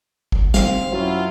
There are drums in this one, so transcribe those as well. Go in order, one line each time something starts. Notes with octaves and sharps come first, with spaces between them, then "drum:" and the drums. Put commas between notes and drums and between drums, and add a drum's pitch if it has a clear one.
drum: kick
C4 F5, drum: snare
F#2 F#3 E4 F4